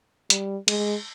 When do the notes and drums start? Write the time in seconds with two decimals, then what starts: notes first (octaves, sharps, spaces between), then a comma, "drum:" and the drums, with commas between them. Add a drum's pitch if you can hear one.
0.30 G3, drum: hi-hat
0.68 G#3, drum: cymbal